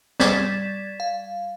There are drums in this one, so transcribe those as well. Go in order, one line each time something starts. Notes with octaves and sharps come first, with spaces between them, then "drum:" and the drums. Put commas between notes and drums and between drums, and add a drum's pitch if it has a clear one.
G3 D5 G#6 A6 B6 E7, drum: snare
F5